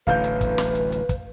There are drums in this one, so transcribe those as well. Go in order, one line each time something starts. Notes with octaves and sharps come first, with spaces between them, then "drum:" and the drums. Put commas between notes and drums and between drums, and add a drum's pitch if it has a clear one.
D1 A1 D3 B4 F5 G6
drum: hi-hat
drum: kick, hi-hat
drum: snare
drum: hi-hat
drum: hi-hat
drum: kick, hi-hat